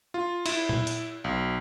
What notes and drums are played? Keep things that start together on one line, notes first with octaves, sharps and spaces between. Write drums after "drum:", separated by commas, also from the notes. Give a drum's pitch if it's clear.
F4
E4, drum: cymbal
drum: tom A#2
drum: hi-hat
B1